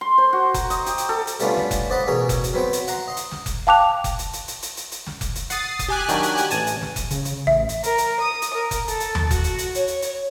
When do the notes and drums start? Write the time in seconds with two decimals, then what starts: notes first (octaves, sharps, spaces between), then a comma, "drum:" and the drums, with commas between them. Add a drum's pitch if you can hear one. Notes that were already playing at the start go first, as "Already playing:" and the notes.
0.01 C6
0.18 C5
0.33 F#4
0.54 A#5, drum: kick F1, hi-hat
0.70 D#5, drum: hi-hat
0.86 G4, drum: hi-hat
0.98 drum: hi-hat
1.09 A4
1.27 drum: hi-hat
1.40 G3 A3 B3 C#4 D4 F4, drum: hi-hat
1.56 drum: snare
1.71 drum: kick F1, hi-hat
1.90 C5 D5 D#5 F#5 B5
2.07 A1 B2 G#4 A#4 C#5
2.29 drum: kick F1, hi-hat
2.44 drum: hi-hat
2.54 F#3 B3 C4 C5 G5
2.73 drum: hi-hat
2.88 F#5 A#5 C6, drum: hi-hat
3.08 D#5 C6
3.17 drum: hi-hat
3.31 drum: snare
3.46 drum: kick F1, hi-hat
3.67 F5 G5 A5 D6 F#6 F7
4.04 drum: kick F1, hi-hat
4.19 drum: hi-hat
4.33 drum: hi-hat
4.48 drum: hi-hat
4.63 drum: hi-hat
4.77 drum: hi-hat
4.92 drum: hi-hat
5.06 drum: snare
5.21 drum: kick F1, hi-hat
5.36 drum: hi-hat
5.50 F#5 D#6 A6 C7, drum: hi-hat
5.79 drum: kick F1, hi-hat
5.89 G4 G#5 F#6
6.09 D#3 F#3 D4, drum: hi-hat
6.23 drum: hi-hat
6.38 drum: hi-hat
6.51 A1 G#5 A5, drum: hi-hat
6.67 drum: hi-hat
6.81 drum: snare
6.96 drum: kick F1, hi-hat
7.11 C#3, drum: hi-hat
7.25 drum: hi-hat
7.47 A1 E5
7.69 drum: hi-hat
7.84 A#4, drum: hi-hat
7.98 drum: hi-hat
8.19 D#6
8.42 drum: hi-hat
8.53 A#4
8.71 drum: kick F1, hi-hat
8.88 A4, drum: hi-hat
9.00 drum: hi-hat
9.15 drum: tom D#2
9.31 F#4, drum: kick F1, hi-hat
9.44 drum: hi-hat
9.59 drum: hi-hat
9.75 C#5, drum: hi-hat
9.88 drum: hi-hat
10.02 drum: hi-hat